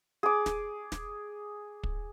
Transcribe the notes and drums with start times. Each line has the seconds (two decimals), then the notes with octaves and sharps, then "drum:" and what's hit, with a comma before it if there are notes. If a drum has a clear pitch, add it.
0.23 G#4 D6
0.46 drum: snare
0.92 drum: snare
1.83 drum: kick